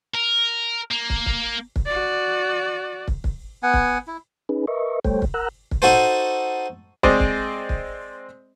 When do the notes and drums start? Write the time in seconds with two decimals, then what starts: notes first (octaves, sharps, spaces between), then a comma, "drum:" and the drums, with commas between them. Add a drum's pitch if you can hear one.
0.15 A#4
0.91 A#3
1.10 drum: kick
1.26 drum: kick
1.76 drum: kick
1.86 F#4 D5
3.08 drum: kick
3.24 drum: kick
3.63 B3 F#5 G#5
3.74 drum: kick
4.07 E4
4.49 C#4 D#4 G#4 B4
4.67 A#4 B4 D#5 E5 C#6
5.05 G3 A3 A4 C5 C#5 G5, drum: kick
5.22 drum: kick
5.34 A#4 F#5 A#5 E6 F#6
5.71 drum: kick
5.82 D#4 F#4 A4 C5
7.03 G#3 C4 C5 D5 D#5, drum: kick
7.20 drum: kick
7.69 drum: kick